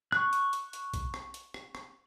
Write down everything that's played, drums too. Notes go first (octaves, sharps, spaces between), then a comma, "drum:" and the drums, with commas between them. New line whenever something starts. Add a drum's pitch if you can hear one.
C#6 F#6, drum: rim click
drum: hi-hat
drum: hi-hat
drum: hi-hat
drum: kick, hi-hat
drum: rim click
drum: hi-hat
drum: rim click
drum: rim click